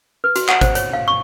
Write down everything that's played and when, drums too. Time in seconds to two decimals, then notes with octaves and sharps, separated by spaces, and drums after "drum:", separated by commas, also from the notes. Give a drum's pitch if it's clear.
0.24 B4
0.36 F#4, drum: hi-hat
0.49 F#5, drum: clap
0.61 C5, drum: kick, hi-hat
0.75 C#5, drum: hi-hat
0.93 F5
1.08 C#6